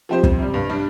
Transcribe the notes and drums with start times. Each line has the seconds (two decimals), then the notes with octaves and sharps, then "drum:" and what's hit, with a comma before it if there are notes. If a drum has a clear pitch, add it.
0.09 F3 C4 G4 C5
0.24 F2, drum: kick
0.39 C3 G3
0.54 G2
0.70 G3 D4